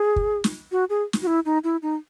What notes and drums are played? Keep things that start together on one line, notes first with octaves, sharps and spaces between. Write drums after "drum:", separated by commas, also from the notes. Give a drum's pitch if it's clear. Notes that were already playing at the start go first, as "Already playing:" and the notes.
Already playing: G#4
drum: kick
drum: snare
F#4
G#4
drum: snare
F#4
E4
D#4
E4
D#4